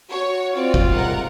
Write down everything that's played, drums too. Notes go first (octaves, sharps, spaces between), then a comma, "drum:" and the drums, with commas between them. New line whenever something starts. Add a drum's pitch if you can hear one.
F#4 C#5
C4 F4 D5
drum: kick G1
G#2 C3 G3 A#4 F#5